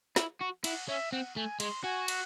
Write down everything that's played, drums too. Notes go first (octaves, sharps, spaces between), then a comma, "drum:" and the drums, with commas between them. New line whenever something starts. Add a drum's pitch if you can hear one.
E4, drum: snare
F#4
E4 F#5, drum: cymbal
C#4 E5
C4 F#5
A3 G#5
G#3 C6, drum: cymbal
F#4 G#5
F#5, drum: cymbal